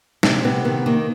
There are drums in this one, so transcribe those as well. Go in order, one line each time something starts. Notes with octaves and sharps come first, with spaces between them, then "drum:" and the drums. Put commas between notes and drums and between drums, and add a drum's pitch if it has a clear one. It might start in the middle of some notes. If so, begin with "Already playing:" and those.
C3 C4, drum: snare
C3 B3
D#3 B3
D#3 A#3